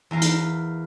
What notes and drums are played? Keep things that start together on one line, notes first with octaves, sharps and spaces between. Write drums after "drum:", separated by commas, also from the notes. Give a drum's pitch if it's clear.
E2 A#4 F5 A#5
drum: hi-hat